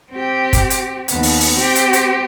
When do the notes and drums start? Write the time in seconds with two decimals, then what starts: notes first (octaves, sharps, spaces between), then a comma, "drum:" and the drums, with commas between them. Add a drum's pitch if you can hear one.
0.11 C4 G4
0.53 drum: kick F#1, hi-hat
0.70 drum: hi-hat
1.08 D#2 B3, drum: hi-hat
1.23 drum: open hi-hat
1.40 drum: open hi-hat
1.58 C4 G4
1.75 drum: hi-hat
1.93 drum: hi-hat